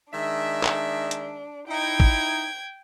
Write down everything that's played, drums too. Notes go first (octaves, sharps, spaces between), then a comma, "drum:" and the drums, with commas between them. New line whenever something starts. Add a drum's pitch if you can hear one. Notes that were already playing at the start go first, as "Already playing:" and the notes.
D#3 G#3 D4 E5
drum: clap
drum: hi-hat
D#4 E4 G5 G#6
drum: kick